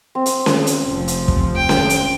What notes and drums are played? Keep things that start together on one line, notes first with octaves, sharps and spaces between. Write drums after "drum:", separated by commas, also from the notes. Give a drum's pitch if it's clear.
C4
drum: hi-hat
drum: snare C#4
drum: hi-hat
F1 F3
drum: hi-hat
drum: kick
G5
drum: snare C#4
drum: hi-hat